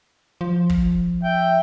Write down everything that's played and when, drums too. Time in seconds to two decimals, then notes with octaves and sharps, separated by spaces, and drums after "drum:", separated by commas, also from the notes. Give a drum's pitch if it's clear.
0.41 F3
0.69 drum: kick
1.23 E5 G5